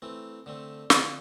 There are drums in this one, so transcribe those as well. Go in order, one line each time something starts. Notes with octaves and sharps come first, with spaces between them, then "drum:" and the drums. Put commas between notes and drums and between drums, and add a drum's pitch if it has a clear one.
E3 A3 C4
D3 A3 C4
D3 F3 C4 D4, drum: snare